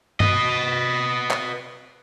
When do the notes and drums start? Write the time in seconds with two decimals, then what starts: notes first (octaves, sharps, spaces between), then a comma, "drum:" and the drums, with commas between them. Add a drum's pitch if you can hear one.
0.20 B4 D#5, drum: tom G2
1.31 drum: clap